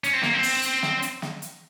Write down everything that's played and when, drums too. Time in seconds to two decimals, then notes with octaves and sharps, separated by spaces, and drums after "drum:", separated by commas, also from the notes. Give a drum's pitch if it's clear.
0.04 C#4, drum: hi-hat
0.13 C4
0.23 A#3, drum: snare
0.34 C4
0.43 drum: open hi-hat
0.63 drum: hi-hat
0.83 drum: snare
1.02 drum: hi-hat
1.22 drum: snare
1.42 drum: hi-hat